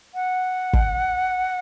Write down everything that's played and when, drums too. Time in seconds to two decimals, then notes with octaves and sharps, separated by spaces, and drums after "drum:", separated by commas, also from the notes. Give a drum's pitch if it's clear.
0.15 F#5
0.73 drum: kick